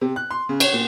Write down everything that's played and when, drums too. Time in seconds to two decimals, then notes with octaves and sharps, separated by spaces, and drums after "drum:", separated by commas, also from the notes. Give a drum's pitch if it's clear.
0.01 C3
0.16 F#6
0.31 C6
0.49 C#3
0.60 C#5, drum: cymbal
0.73 A#2